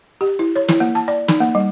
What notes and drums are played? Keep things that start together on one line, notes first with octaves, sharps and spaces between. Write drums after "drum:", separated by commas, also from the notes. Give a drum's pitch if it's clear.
G4
E4
C#5
E4, drum: snare
A#3
A5
D5
D#4, drum: snare
A#3
G3